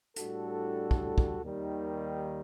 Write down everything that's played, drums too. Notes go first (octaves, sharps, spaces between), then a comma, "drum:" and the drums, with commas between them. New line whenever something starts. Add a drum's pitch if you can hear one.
A2 G3 D4 F#4 A4, drum: hi-hat
drum: kick
drum: kick
D#2 D#3 G3